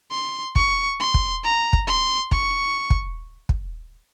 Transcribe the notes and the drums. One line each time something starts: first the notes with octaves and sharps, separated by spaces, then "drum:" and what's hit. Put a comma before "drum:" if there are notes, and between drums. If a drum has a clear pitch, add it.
C6
C#6, drum: kick
C6
drum: kick
A#5
drum: kick
C6
C#6, drum: kick
drum: kick
drum: kick